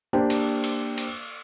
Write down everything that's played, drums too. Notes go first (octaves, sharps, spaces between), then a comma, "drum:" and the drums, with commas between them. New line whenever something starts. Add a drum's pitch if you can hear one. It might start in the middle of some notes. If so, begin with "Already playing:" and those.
A#3 D4 G4 C5 G5
drum: cymbal
drum: cymbal
drum: cymbal